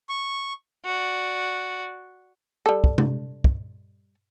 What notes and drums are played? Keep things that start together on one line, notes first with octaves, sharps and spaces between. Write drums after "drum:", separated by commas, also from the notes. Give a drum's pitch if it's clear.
C#6
F#4 D5
G3 A4
drum: kick
drum: tom C3
drum: kick